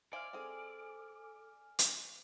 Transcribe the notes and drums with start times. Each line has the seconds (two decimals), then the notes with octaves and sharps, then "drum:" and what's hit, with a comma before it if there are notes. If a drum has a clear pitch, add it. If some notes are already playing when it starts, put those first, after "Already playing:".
0.13 C5 D5 E5 F5 G#5 F6
0.33 C4 G#4 A4
1.79 drum: hi-hat